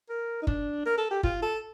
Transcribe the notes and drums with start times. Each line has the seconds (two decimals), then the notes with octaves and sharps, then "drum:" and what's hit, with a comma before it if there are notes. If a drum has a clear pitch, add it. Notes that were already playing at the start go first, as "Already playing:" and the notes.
0.10 A#4
0.42 D#4
0.47 D4, drum: kick F#1
0.86 A#4
0.98 A4
1.11 G4
1.23 F4, drum: kick F#1
1.42 A4